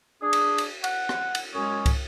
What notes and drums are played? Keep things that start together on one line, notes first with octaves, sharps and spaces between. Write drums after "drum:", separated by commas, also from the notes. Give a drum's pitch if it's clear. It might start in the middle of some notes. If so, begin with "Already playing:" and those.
D4 G#4
drum: cymbal
drum: cymbal
F#5, drum: cymbal
drum: rim click
drum: cymbal
F#2 G#3 C#4 G#4 C#5
drum: kick, cymbal